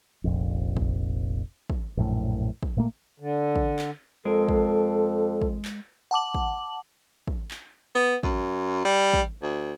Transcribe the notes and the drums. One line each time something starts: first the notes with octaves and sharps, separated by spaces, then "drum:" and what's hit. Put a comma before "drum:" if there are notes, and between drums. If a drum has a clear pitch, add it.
F1 A#1 F2
drum: kick
drum: kick
A#1 F#2 A2
drum: kick
A#2 A3 A#3
D3
drum: kick
drum: clap
F2 G#3 A4 A#4
drum: kick
drum: kick
drum: clap
F#5 A5 D6 F#7
drum: kick
drum: kick
drum: clap
B3
F#2, drum: kick
G3
drum: kick
D2